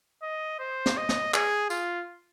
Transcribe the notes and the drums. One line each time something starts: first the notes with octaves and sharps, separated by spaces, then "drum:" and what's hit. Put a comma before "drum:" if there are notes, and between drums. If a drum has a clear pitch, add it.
D#5
C5
drum: snare
D#5
drum: snare
G#4, drum: clap
F4, drum: tambourine